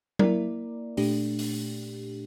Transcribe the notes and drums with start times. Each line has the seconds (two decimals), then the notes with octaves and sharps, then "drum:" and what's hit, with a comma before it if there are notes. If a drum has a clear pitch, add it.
0.19 A#3 E4 A#4 D5, drum: tom F#3
0.97 A#2 A3 D4 G4, drum: open hi-hat
1.39 drum: open hi-hat